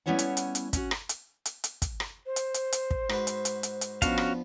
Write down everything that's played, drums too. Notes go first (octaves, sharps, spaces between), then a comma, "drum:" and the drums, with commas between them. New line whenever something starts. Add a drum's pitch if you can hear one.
G3 B3 C#4 E4 C#5 F#5
drum: hi-hat
drum: hi-hat
drum: hi-hat
C#4 F#4, drum: kick, hi-hat
drum: rim click
drum: hi-hat
drum: hi-hat
drum: hi-hat
drum: kick, hi-hat
drum: rim click
C5
drum: hi-hat
drum: hi-hat
drum: hi-hat
drum: kick
G#2 F#4 B4, drum: rim click
drum: hi-hat
drum: hi-hat
drum: hi-hat
drum: hi-hat
F3 B3 C#4 D4 F#4 F5, drum: kick, hi-hat
drum: rim click